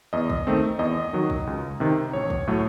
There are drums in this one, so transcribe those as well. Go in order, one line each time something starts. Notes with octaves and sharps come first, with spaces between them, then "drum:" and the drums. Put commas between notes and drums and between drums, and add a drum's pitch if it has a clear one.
E2 D#5
drum: kick
D#3 A3 C4
E2 D#5
D#3 F#3
drum: kick
C#2
C3 D#3
A1 C#5
drum: kick
A2 F#3 A3